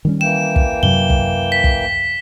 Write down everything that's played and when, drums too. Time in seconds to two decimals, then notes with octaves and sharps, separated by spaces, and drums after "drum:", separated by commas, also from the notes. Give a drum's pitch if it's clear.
0.05 D#3 G3 C#4
0.21 E3 A#3 G5 E7
0.56 drum: kick
0.83 F#2 C3 F#3 G7
1.10 drum: kick
1.52 B6
1.64 drum: kick